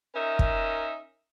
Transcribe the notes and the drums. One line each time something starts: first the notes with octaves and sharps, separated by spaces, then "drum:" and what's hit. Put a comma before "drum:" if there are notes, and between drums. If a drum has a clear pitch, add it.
C#4 D#4 A#4 E5
drum: kick